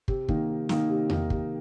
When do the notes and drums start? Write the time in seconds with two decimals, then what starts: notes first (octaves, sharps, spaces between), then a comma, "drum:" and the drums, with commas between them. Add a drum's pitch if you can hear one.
0.08 C3, drum: kick
0.28 D#3 A#3 D#4, drum: kick
0.49 C3
0.69 D#3 A#3 D#4, drum: snare
0.89 C3
1.09 D#3 A#3 D#4, drum: tom E2
1.30 C3, drum: kick